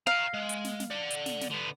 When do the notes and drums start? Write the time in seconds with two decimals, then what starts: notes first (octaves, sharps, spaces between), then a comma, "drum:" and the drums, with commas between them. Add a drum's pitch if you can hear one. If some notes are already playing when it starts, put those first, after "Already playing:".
0.07 F5 G5 A#5
0.34 G#3
0.49 drum: hi-hat
0.64 drum: snare
0.80 drum: snare
0.90 D5 F#5
1.11 drum: hi-hat
1.26 drum: snare
1.41 drum: snare
1.50 D3 B3